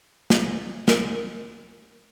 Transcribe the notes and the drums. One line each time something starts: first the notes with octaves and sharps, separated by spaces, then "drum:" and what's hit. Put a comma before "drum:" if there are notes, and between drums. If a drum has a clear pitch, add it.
drum: snare
A#4, drum: snare